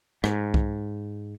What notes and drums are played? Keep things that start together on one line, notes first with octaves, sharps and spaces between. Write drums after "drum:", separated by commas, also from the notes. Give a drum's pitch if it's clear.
G#2, drum: rim click
drum: kick C2